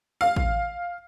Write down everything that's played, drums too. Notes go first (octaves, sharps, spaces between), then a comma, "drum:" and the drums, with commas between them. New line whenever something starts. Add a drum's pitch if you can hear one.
F5
drum: kick A1